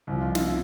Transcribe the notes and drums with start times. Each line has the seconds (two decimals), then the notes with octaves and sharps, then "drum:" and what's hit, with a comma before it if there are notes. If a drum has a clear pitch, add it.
0.07 C2 C3 F3
0.21 F4
0.35 E4, drum: snare